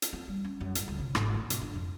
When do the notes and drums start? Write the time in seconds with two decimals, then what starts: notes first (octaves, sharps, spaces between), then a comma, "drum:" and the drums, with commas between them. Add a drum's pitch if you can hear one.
0.02 drum: hi-hat
0.13 C4
0.28 G3
0.44 C#4
0.60 F#2
0.75 G#2, drum: hi-hat
0.88 C#2
1.00 C3
1.15 G#1, drum: rim click
1.34 A2
1.50 B2, drum: hi-hat
1.62 D4
1.76 F2